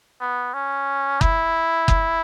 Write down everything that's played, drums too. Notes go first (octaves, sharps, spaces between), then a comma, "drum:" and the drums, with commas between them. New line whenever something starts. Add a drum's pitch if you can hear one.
B3
C#4
E4, drum: kick F#1
drum: kick F#1